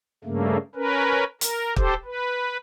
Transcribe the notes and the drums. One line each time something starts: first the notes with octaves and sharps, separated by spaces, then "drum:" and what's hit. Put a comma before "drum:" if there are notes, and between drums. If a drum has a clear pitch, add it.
G2 C#3 A3 A#3
C#4 A#4 B4
A#4, drum: hi-hat
G4 A4 C5, drum: kick
B4